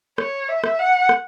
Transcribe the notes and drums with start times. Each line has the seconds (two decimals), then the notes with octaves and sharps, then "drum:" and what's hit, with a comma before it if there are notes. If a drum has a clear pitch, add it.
0.18 C#5, drum: rim click
0.49 E5
0.64 drum: rim click
0.79 F#5
1.09 drum: rim click